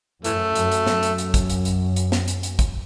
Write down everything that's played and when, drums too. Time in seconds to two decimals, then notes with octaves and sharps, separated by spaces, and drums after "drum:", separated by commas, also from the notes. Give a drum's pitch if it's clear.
0.24 F#2 E3 A3, drum: hi-hat
0.55 F#2, drum: hi-hat
0.72 drum: hi-hat
0.87 F#2, drum: snare
1.03 drum: hi-hat
1.18 drum: hi-hat
1.34 drum: kick, hi-hat
1.50 drum: hi-hat
1.65 drum: hi-hat
1.96 drum: hi-hat
2.12 drum: snare
2.28 drum: hi-hat
2.43 drum: hi-hat
2.59 drum: kick, hi-hat